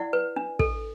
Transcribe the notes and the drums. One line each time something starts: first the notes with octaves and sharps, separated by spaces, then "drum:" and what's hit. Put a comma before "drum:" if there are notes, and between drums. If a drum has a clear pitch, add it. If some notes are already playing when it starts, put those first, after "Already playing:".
Already playing: E4 D5 F#5
B4
D4
A4, drum: kick